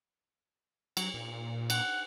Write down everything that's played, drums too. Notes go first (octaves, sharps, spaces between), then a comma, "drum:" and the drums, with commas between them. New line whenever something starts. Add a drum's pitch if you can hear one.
F#3, drum: cymbal
A#2
F#5, drum: cymbal